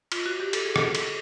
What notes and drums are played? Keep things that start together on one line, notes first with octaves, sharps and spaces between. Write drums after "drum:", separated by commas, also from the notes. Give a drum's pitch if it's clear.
F4, drum: cymbal
F#4
G4
A4, drum: cymbal
G#4
A4, drum: rim click
drum: cymbal